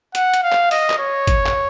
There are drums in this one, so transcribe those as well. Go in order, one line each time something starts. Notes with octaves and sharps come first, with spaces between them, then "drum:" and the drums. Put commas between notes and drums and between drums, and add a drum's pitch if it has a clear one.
F#5, drum: hi-hat
drum: hi-hat
F5
drum: clap
D#5, drum: open hi-hat
drum: clap
C#5
drum: kick, hi-hat
drum: clap